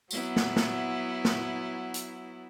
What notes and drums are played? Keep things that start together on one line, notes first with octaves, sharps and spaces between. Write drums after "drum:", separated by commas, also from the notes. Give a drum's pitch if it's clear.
F#3 B3 E4, drum: tambourine
drum: snare
drum: snare
drum: snare
drum: hi-hat